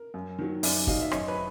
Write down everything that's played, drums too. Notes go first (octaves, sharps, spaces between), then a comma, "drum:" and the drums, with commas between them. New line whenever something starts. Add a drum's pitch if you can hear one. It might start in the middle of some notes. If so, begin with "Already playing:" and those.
Already playing: A#4
F#2
D#3 F#3
F#2 D5 E5, drum: open hi-hat
D#3 F#3 D#5 F5, drum: kick
E5
F#2 C#5 D#5, drum: rim click
B4 C#5